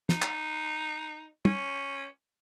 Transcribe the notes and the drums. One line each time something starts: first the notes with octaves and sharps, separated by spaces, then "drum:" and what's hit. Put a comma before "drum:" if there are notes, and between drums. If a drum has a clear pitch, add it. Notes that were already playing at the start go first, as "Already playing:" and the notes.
D#4, drum: snare
drum: clap
C#4, drum: tom